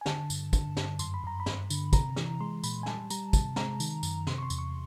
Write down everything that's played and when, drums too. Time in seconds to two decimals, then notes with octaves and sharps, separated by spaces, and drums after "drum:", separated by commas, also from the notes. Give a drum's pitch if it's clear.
0.01 G#5
0.06 D3 A5, drum: snare
0.30 G2, drum: tambourine
0.53 D3, drum: kick, tambourine
0.77 G2, drum: snare
0.99 F#2 C6, drum: tambourine
1.14 B5
1.24 F#2 A#5
1.40 B5
1.46 G2, drum: snare
1.70 D3, drum: tambourine
1.93 C3 A#5, drum: kick, tambourine
2.16 E3, drum: snare
2.40 G#3 C6
2.64 A#2 B5, drum: tambourine
2.83 G#5
2.86 G3 A5, drum: snare
3.10 G3 A#5, drum: tambourine
3.33 C3 A5, drum: kick, tambourine
3.56 G#3 A#5, drum: snare
3.80 D#3, drum: tambourine
4.03 F#2, drum: tambourine
4.27 C3 C6, drum: snare
4.38 C#6
4.43 C6
4.50 E2, drum: tambourine
4.58 C#6